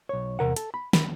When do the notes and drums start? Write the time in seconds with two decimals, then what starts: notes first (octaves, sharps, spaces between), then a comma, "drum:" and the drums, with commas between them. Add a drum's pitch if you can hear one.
0.09 B1 C#5
0.39 E2 C3 A#4 F#5
0.56 A4, drum: hi-hat
0.74 B5
0.93 B5, drum: snare